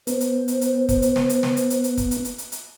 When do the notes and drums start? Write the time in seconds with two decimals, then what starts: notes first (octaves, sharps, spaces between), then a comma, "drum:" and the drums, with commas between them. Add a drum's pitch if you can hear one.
0.07 B3 C5, drum: hi-hat
0.21 drum: hi-hat
0.48 drum: hi-hat
0.61 drum: hi-hat
0.89 drum: kick, hi-hat
1.02 drum: hi-hat
1.16 drum: snare
1.29 drum: hi-hat
1.43 drum: snare
1.57 drum: hi-hat
1.70 drum: hi-hat
1.84 drum: hi-hat
1.97 drum: kick, hi-hat
2.11 drum: hi-hat
2.25 drum: hi-hat
2.38 drum: hi-hat
2.52 drum: hi-hat